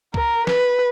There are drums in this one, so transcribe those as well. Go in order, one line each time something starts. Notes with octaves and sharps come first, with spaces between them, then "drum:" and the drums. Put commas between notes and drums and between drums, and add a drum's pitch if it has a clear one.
A#4, drum: kick
B4, drum: snare